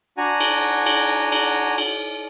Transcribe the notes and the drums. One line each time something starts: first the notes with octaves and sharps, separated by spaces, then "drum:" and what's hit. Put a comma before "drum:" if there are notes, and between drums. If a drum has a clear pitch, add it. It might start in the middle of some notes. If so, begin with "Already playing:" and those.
D4 F#4 F#5 G#5 A#5
drum: cymbal
drum: cymbal
drum: cymbal
drum: cymbal